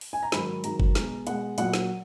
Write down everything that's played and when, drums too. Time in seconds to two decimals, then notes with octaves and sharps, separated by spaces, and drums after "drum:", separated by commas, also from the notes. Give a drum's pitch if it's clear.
0.01 drum: open hi-hat
0.13 G#5
0.23 A#5
0.32 G#2 D#3 F#3 B5, drum: snare
0.64 G#2 D#3 F#3 A#5, drum: hi-hat
0.80 drum: kick G1
0.95 B2 G#3, drum: snare
1.27 B2 G#3 F#5, drum: hi-hat
1.58 A#2 F#3 F#5, drum: hi-hat
1.74 drum: snare